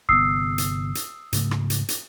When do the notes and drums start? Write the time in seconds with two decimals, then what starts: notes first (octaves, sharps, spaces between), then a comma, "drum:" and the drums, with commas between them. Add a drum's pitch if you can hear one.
0.09 G1 C3 B3 D#6 E6 C7
0.58 drum: hi-hat
0.95 drum: hi-hat
1.33 G#2 C#3 A3, drum: hi-hat
1.51 drum: rim click
1.70 drum: hi-hat
1.88 drum: hi-hat